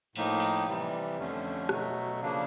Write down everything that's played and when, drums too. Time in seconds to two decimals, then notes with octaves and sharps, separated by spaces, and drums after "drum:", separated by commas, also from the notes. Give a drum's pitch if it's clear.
0.16 A2 F3 A#3 D#4, drum: cymbal
0.40 drum: open hi-hat
0.67 C3 E3 G3
1.18 F2 D3 F3 A3 C#4
1.69 B2 F#3 A3, drum: rim click
2.21 C#3 F3 A#3 D4